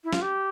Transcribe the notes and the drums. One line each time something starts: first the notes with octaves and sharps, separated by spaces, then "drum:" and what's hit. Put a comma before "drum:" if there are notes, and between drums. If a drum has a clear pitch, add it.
E4
F4, drum: snare
G4